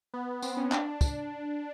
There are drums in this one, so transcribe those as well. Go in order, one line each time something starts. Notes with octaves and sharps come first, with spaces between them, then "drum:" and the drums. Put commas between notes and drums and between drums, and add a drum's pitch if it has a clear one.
B3
C4, drum: tambourine
C#4
D4, drum: clap
drum: kick, tambourine